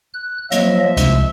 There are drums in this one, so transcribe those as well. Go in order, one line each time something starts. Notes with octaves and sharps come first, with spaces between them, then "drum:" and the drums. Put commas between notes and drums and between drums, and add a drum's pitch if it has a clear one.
F#6
F3 F#3 A#3 D#5 E5, drum: hi-hat
C2 G#3, drum: hi-hat